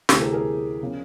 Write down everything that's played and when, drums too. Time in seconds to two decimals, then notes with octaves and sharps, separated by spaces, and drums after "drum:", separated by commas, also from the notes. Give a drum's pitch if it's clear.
0.09 D2 C3 E3 G4 A4, drum: snare
0.21 G#4 A#4
0.32 G#4 A#4
0.83 C#3 F3